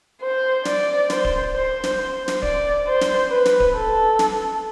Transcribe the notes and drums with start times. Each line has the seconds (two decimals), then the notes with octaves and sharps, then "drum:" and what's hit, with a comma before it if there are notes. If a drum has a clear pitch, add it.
0.22 C5
0.65 D5, drum: snare
1.10 C5, drum: snare
1.25 drum: kick D1
1.54 C5
1.84 drum: snare
1.99 C5
2.28 drum: snare
2.43 D5, drum: kick D1
2.87 C5
3.01 drum: snare
3.31 B4
3.45 drum: snare
3.60 drum: kick D1
3.75 A4
4.19 drum: snare